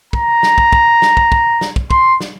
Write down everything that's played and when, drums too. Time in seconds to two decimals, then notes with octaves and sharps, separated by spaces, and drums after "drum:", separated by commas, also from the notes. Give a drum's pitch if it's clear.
0.13 A#5, drum: kick
0.43 drum: snare
0.58 drum: kick
0.73 drum: kick
1.02 drum: snare
1.17 drum: kick
1.32 drum: kick
1.61 drum: snare
1.76 drum: kick
1.91 C6, drum: kick
2.21 drum: snare